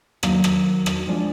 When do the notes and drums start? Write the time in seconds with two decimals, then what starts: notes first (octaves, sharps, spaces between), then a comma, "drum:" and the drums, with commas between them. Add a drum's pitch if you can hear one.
0.23 D#3 F#3 A#3 F5, drum: rim click
0.44 drum: rim click
0.86 drum: rim click
1.07 F3 G#3 D4 F4